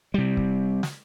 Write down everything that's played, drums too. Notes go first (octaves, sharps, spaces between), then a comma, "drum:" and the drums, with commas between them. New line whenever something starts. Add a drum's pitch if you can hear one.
C3 G3
drum: kick C#1
drum: snare